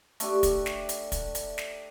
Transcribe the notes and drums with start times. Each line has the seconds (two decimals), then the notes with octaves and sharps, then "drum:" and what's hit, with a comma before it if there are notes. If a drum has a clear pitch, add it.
0.20 A3 D4 G4, drum: hi-hat
0.43 drum: kick, hi-hat
0.66 drum: snare
0.89 drum: hi-hat
1.12 drum: kick, hi-hat
1.35 drum: hi-hat
1.58 drum: snare